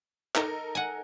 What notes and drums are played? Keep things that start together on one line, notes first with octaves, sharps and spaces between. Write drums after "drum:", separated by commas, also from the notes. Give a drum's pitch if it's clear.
D#4 A4 A#4, drum: clap
F#5 G#5